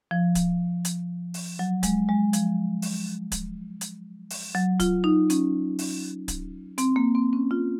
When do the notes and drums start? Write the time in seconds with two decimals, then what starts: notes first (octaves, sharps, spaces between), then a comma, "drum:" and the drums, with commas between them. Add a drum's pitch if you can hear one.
0.11 F3
0.35 drum: kick D1, hi-hat
0.85 drum: hi-hat
1.34 drum: open hi-hat
1.59 F#3
1.83 G#3, drum: kick D1, hi-hat
2.09 G#3
2.33 F3, drum: hi-hat
2.82 drum: open hi-hat
3.32 drum: kick D1, hi-hat
3.81 drum: hi-hat
4.30 drum: open hi-hat
4.55 F#3
4.80 F4, drum: kick D1, hi-hat
5.04 D#4
5.30 C#4, drum: hi-hat
5.79 drum: open hi-hat
6.28 drum: kick D1, hi-hat
6.78 C4, drum: hi-hat
6.96 A#3
7.15 C4
7.33 C#4
7.51 F4